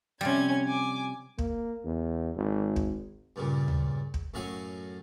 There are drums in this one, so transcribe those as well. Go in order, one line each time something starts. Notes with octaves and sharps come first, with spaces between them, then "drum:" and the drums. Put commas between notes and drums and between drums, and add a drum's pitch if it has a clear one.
C3 F3 G3 C#4 G#6
G#5 D6
A#3, drum: kick
E2
G#1
drum: kick
G2 A#2 C#3
drum: tom D2
drum: kick
F#2 A2 F#3 C#5 F5 G#5